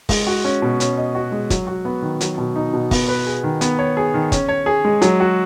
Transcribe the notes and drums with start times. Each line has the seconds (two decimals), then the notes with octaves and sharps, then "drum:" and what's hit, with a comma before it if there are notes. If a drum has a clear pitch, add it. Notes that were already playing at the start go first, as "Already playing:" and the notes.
0.09 G#3, drum: kick, open hi-hat
0.27 F#4
0.44 C#4
0.62 B2
0.80 C#4, drum: hi-hat
0.98 D#5
1.15 F#4
1.32 G#3
1.50 F#3, drum: kick, hi-hat
1.67 F#4
1.85 B3
2.02 D#3
2.21 F#3, drum: hi-hat
2.38 B2
2.56 D#4
2.73 B2
2.91 B3, drum: kick, open hi-hat
3.08 B4
3.26 G#4
3.44 D#3
3.61 B3, drum: hi-hat
3.79 C#5
3.97 G#4
4.14 D#3
4.32 C#4, drum: kick, hi-hat
4.49 C#5
4.66 G#4
4.85 G#3
5.02 F#3, drum: hi-hat
5.20 F#4